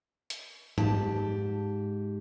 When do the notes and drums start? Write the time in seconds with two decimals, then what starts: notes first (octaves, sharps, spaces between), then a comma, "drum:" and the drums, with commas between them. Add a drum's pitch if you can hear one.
0.30 drum: hi-hat
0.78 G#2 G4 A5, drum: tom G#2